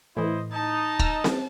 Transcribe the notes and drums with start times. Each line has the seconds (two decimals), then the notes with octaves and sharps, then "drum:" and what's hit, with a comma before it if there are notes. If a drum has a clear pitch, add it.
0.17 A2 E3 E4 C5 D#5
0.52 D#4 A5
0.99 E6 F6 A#6, drum: kick
1.24 drum: snare C4